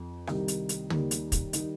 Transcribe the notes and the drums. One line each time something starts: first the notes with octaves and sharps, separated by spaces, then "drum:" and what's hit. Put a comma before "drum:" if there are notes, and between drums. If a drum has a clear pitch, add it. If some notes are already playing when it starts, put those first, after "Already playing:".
Already playing: F2
C2 C3 D#3 G3 D#4, drum: rim click
drum: hi-hat
drum: hi-hat
D#2 D#3 G3, drum: tom
drum: hi-hat
drum: kick, hi-hat
D#3 G3 D#4, drum: hi-hat